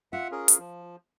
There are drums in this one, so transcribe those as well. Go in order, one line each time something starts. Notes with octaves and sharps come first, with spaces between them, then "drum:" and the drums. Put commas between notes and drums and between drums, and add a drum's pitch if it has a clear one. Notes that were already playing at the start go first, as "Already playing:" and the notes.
F4 E5 F#5
C#4 G#4 A#4
drum: hi-hat
F3